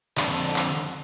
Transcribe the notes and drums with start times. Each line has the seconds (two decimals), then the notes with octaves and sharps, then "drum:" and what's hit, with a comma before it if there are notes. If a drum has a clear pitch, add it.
0.17 F2 D3, drum: clap
0.56 drum: clap